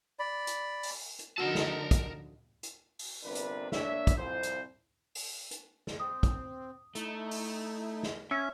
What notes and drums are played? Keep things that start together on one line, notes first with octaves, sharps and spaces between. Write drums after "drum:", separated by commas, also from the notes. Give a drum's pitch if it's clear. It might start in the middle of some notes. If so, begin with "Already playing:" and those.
D5 B5
drum: hi-hat
drum: open hi-hat
drum: hi-hat
D3 F3 D#4 F#4 A#4 F#5 A5
drum: snare
drum: kick, hi-hat
drum: hi-hat
drum: open hi-hat
G1 C3 D4 A#4 B4
drum: hi-hat
A#3 D4 C#5 D5 E5, drum: snare
drum: kick, hi-hat
C2 F2 C5
drum: hi-hat
drum: open hi-hat
drum: hi-hat
drum: snare
C4 D#6
drum: kick, hi-hat
A3 D#4 E4, drum: hi-hat
drum: open hi-hat
drum: snare
C#4 E5 E6